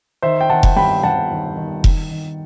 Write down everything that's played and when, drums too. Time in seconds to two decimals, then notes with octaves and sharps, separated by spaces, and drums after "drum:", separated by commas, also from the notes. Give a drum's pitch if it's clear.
0.22 D#3 C5 E5
0.41 G5
0.49 D#3 F#5 A5
0.63 drum: kick F1
0.77 G2 G5 B5
1.03 G2 F#5 A5
1.30 D#3
1.57 D#3
1.84 D#3, drum: kick F1
2.11 D#3